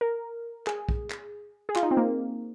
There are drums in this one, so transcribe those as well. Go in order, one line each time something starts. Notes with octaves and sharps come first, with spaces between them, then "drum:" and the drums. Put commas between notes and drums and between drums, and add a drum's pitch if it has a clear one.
A#4
G#4, drum: clap
drum: kick
drum: clap
G#4
F4, drum: clap
D#4
C4
A#3